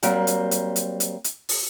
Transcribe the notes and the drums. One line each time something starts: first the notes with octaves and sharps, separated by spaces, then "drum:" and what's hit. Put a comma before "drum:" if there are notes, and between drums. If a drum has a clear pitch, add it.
F#3 G3 A#3 C4, drum: hi-hat
drum: hi-hat
drum: hi-hat
drum: hi-hat
drum: hi-hat
drum: hi-hat
drum: open hi-hat